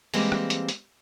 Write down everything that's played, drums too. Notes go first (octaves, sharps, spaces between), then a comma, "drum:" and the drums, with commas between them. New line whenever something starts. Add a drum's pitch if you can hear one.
E3 G3 G#3 A#3 C4, drum: open hi-hat
drum: rim click
drum: hi-hat
drum: hi-hat